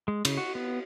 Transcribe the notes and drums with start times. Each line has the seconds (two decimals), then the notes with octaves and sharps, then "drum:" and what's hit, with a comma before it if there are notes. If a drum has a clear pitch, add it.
0.08 G#3
0.25 C#3, drum: cymbal
0.37 F#4
0.55 B3